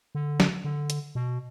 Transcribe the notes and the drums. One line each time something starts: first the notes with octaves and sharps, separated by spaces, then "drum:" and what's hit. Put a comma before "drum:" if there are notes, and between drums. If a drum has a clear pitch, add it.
D3
drum: snare
D3
drum: hi-hat
B2